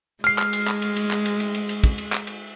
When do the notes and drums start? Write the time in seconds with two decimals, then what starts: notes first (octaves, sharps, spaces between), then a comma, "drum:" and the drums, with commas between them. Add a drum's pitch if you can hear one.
0.24 G#3 F6 C7, drum: cymbal
0.39 drum: clap
0.53 drum: cymbal
0.68 drum: clap
0.82 drum: cymbal
0.97 drum: cymbal
1.11 drum: clap
1.26 drum: cymbal
1.40 drum: cymbal
1.55 drum: cymbal
1.69 drum: cymbal
1.84 drum: kick, cymbal
1.98 drum: cymbal
2.13 drum: clap
2.27 drum: cymbal